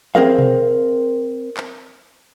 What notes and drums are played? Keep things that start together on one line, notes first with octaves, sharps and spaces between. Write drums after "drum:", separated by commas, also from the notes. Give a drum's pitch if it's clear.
C4 G#4 A#4 F5, drum: tom E3
drum: tom B2
drum: clap